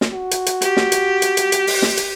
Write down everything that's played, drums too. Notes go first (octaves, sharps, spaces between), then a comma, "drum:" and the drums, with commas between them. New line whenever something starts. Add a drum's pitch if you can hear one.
drum: snare
F#4
drum: hi-hat
drum: hi-hat
G4, drum: hi-hat
drum: snare
drum: hi-hat
drum: hi-hat
drum: hi-hat
drum: hi-hat
drum: open hi-hat
drum: snare
drum: hi-hat